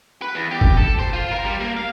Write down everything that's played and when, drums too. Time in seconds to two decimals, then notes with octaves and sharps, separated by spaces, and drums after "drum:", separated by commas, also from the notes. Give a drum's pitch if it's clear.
0.22 B4
0.35 E2
0.51 G4
0.61 drum: kick
0.77 A4
0.99 C5
1.13 F4
1.31 A#4
1.45 G3
1.60 A#3
1.77 F5